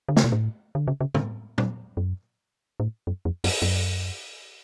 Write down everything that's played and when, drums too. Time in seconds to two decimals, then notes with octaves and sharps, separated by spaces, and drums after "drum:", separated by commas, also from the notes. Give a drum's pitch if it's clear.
0.09 D3
0.16 C#3, drum: snare
0.24 B2
0.32 A2
0.75 D3
0.87 C#3
1.01 C#3
1.14 D3, drum: tom
1.58 drum: tom A#2
1.97 F#2
2.80 A2
3.07 F#2
3.25 F2
3.44 F#2, drum: open hi-hat
3.62 F#2